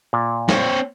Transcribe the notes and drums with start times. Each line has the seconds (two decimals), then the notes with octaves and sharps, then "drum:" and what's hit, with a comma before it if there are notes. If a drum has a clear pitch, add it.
0.13 A#2
0.49 C4 C#5, drum: snare